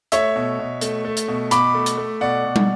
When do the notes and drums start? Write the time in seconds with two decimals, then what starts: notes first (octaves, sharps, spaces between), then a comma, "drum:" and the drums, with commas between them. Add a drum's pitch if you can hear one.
0.12 A3 C#5 E5, drum: hi-hat
0.36 B2
0.59 B2
0.81 A3, drum: hi-hat
1.05 A3
1.17 drum: hi-hat
1.28 B2
1.51 B2 B5 D6, drum: hi-hat
1.74 A3
1.86 drum: hi-hat
1.97 A3
2.21 B2 D5 F#5
2.44 B2
2.56 drum: tom